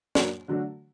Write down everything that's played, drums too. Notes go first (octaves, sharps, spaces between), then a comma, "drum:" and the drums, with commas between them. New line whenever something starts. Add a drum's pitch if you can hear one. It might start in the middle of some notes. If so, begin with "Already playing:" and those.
F#3 A#3 D4 F#4, drum: snare
D3 F#3 A3 D4 F#4